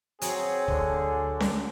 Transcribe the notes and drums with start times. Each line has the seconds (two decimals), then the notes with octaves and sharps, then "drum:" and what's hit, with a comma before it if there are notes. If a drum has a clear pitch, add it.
0.22 F#3 C4 G#4, drum: hi-hat
0.68 D2 D3, drum: kick
1.40 drum: snare C#4